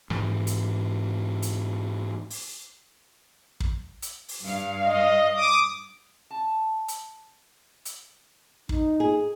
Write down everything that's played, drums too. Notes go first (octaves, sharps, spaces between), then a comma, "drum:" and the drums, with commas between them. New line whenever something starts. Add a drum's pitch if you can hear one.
G#2 E3, drum: rim click
drum: hi-hat
drum: hi-hat
drum: open hi-hat
drum: kick
drum: hi-hat
drum: open hi-hat
G2 F5
D#5
D6 D#6
A5
drum: hi-hat
drum: hi-hat
D#4, drum: kick
G#4